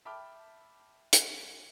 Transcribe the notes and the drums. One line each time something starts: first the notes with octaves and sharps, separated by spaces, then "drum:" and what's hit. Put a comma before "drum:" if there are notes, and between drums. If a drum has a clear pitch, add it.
E5 G5 A5 B5 D6 F6
drum: hi-hat